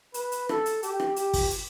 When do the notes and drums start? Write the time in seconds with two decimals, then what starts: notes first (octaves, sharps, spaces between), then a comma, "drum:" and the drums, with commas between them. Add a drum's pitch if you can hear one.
0.14 B4, drum: hi-hat
0.32 drum: hi-hat
0.49 A4, drum: rim click
0.66 drum: hi-hat
0.83 G4, drum: hi-hat
1.00 drum: rim click
1.16 G4, drum: hi-hat
1.34 drum: kick, open hi-hat
1.50 drum: hi-hat